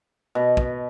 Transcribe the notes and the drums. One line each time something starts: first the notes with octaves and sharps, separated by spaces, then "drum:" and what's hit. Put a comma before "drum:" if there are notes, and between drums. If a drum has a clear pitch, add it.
B2
drum: kick